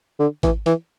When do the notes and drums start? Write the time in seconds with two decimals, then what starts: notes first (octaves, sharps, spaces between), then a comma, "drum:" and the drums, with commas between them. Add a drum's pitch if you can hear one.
0.19 D3
0.43 E3, drum: kick G#1, hi-hat
0.66 E3, drum: hi-hat